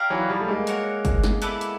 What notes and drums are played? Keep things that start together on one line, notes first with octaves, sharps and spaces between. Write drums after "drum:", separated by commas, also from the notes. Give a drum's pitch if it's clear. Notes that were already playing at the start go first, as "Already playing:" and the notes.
Already playing: G4 A#4 D5 F5
E3 F#3
F3 G3
A3
G#3 A#3
F#4 A#4 C#5 F#5, drum: hi-hat
drum: kick G1, hi-hat
drum: snare
B3 E4 A4 D5, drum: hi-hat
drum: hi-hat